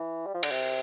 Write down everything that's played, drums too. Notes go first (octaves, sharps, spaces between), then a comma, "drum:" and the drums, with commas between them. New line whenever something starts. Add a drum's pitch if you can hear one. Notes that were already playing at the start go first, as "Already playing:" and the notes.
Already playing: E3
G3
F3
D3, drum: cymbal
C3